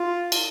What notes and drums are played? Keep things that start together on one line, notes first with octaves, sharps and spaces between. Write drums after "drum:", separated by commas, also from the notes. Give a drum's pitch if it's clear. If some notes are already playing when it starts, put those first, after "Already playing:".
Already playing: F4
drum: cymbal